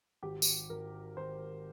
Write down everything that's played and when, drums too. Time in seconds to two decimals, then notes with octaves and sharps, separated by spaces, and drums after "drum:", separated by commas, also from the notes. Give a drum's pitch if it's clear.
0.23 G#1 G4
0.42 drum: tambourine
0.70 G#1 A#4
1.17 G#1 C5